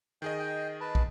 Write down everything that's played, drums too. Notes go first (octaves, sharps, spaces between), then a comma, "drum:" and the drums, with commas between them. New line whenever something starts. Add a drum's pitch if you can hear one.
D#3 G#4 D#5 G5
G5
B4 A5
drum: kick